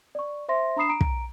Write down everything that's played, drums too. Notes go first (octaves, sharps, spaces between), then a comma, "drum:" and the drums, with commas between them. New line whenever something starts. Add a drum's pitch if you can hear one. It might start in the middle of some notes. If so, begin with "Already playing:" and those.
D5 C#6
C5 E5 C6 A#6
D4 A#5 B5 D#6 C7 E7
A#5 D7
drum: kick